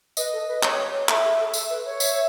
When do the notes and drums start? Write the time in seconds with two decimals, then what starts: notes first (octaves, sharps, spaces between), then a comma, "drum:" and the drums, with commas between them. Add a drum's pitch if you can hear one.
0.17 B4 D#5, drum: tambourine
0.32 A4
0.47 B4
0.63 C#5, drum: clap
1.09 A4 E5, drum: clap
1.23 G#4
1.39 A4
1.54 A4, drum: tambourine
1.69 B4
1.85 C#5
2.00 E5, drum: tambourine